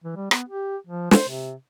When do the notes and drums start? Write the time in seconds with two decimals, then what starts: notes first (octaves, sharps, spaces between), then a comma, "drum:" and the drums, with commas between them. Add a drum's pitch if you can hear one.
0.04 E3
0.16 G3
0.31 B3, drum: rim click
0.49 G4
0.87 F3
1.11 C5, drum: snare
1.29 C3